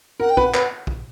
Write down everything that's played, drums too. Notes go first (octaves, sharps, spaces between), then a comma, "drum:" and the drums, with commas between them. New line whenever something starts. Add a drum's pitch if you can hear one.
A#4 F#5
G5
B4 F#5, drum: kick
B4, drum: clap
drum: kick